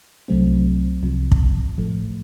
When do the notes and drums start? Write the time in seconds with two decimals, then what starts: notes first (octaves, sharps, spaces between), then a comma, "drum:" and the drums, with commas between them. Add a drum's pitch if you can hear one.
0.28 C2 C3 F#3 A3 C4
1.03 C2 C3 F3
1.32 drum: kick
1.78 A2 F3 A3